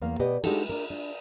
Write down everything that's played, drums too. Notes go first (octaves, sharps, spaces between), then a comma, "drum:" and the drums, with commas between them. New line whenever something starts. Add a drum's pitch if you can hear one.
E2 A#3 F5
B2 B3 G4 B4 D5 D#5
G#3 D4 D#4 F#4 G4 A4, drum: cymbal
D4 A#4
D4